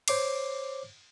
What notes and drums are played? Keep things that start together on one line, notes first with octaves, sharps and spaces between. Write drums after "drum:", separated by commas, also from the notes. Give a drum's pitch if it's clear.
C5 C#5 D6 C7, drum: cymbal